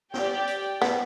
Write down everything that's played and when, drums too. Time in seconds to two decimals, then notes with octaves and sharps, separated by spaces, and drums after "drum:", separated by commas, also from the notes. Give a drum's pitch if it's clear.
0.14 G4 D5 G5, drum: snare
0.47 drum: hi-hat
0.82 B3, drum: snare